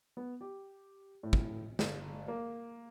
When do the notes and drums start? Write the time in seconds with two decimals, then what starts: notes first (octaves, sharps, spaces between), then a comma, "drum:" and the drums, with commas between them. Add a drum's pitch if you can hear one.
0.17 B3
0.41 G4
1.23 A2
1.33 drum: kick
1.79 G1, drum: snare
2.28 A#3